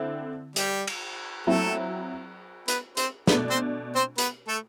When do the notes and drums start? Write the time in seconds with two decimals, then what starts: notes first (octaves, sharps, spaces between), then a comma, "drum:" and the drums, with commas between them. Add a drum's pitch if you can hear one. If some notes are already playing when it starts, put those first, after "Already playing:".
Already playing: D3 C4 E4
0.56 G3 G4, drum: hi-hat
0.87 drum: cymbal
1.47 F#3 A3 C4 E4 A4
2.68 B3 B4, drum: hi-hat
2.97 C4 C5, drum: hi-hat
3.27 B2 A3 B3 D4 B4, drum: snare
3.50 C4 C5
3.95 C4 C5
4.18 B3 B4, drum: hi-hat
4.47 A3 A4